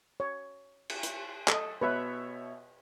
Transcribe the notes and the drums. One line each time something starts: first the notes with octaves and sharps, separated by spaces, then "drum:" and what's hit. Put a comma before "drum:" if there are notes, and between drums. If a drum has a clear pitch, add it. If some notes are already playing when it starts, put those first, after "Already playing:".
C#5
drum: cymbal
drum: hi-hat
A4 D#5, drum: clap
B2 B4 C#5 E5